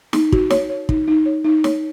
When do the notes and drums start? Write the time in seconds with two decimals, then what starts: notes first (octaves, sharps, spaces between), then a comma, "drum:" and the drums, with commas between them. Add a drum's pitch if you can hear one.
0.13 D#4, drum: snare
0.32 F#4, drum: kick
0.50 C#5, drum: snare
0.69 C#5
0.89 D#4, drum: kick
1.08 D#4
1.26 C#5
1.44 D#4
1.64 C#5, drum: snare